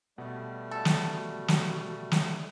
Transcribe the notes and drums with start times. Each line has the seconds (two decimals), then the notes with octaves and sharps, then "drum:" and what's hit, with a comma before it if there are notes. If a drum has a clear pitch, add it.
0.18 B2 G3 A3 F#5
0.71 A4
0.85 drum: snare
1.01 F#4
1.48 drum: snare
2.11 drum: snare